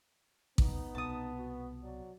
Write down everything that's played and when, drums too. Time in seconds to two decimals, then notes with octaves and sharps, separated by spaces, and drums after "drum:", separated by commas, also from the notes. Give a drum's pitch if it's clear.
0.58 B3 D#4, drum: kick A1
0.95 C2 B2 A5 D#6
1.37 F#4
1.83 F#3 D5